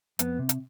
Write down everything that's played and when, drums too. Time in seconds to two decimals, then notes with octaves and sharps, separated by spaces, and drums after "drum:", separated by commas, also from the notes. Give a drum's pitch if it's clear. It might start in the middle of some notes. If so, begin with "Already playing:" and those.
0.19 F2 B3, drum: hi-hat
0.39 C3
0.49 drum: hi-hat